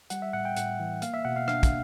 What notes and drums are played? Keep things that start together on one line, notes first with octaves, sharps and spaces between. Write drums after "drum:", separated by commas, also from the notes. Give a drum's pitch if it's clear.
G3 F#5, drum: hi-hat
E5
A2 F#5
G5
A2 F#5, drum: hi-hat
E3
A#3 F5, drum: hi-hat
E5
B2 F#5
F5
D4 F5, drum: rim click
drum: kick, hi-hat